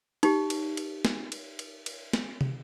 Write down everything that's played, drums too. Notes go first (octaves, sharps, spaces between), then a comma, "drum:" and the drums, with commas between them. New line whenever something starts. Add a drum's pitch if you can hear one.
D#4 G4, drum: cymbal
drum: cymbal
drum: cymbal
drum: snare
drum: cymbal
drum: cymbal
drum: cymbal
drum: snare
drum: tom